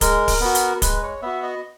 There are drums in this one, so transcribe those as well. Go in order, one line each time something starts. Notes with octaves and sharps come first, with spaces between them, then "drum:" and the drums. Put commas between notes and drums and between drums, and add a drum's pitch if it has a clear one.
G#3 A#4, drum: kick, hi-hat
drum: kick, open hi-hat
B3 F#4
drum: hi-hat
G#3 B4, drum: kick, hi-hat
C#5
B3 F#4 E5
D#5